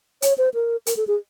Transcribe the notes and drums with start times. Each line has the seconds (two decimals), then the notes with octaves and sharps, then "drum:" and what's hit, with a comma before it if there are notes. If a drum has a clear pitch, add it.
0.22 C#5, drum: hi-hat
0.38 C5
0.54 A#4
0.86 A#4, drum: hi-hat
0.97 A4
1.08 G#4